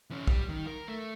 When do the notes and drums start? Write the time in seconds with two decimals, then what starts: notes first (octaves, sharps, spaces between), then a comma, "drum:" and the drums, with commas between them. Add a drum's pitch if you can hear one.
0.10 E3 C#4
0.27 G3, drum: kick
0.49 D#3
0.67 A#4
0.88 A3